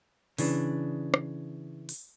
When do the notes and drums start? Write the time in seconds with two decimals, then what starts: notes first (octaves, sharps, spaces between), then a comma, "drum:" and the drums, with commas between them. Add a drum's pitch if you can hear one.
0.38 C#3 E3 D4, drum: open hi-hat
1.14 drum: rim click
1.89 drum: open hi-hat